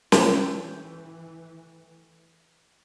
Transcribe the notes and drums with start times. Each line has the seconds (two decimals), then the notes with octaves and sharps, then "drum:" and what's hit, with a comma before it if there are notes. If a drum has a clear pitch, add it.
0.12 E3 A3 G5, drum: snare